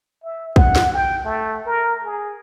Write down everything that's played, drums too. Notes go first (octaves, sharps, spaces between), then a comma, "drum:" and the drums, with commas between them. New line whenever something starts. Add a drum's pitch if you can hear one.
E5
F#5, drum: kick
drum: snare
G5
A3
A#4
G#4